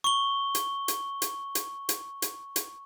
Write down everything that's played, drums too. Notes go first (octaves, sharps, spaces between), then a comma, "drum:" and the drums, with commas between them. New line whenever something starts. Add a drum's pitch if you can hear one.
C#6 G7
drum: hi-hat
drum: hi-hat
drum: hi-hat
drum: hi-hat
drum: hi-hat
drum: hi-hat
drum: hi-hat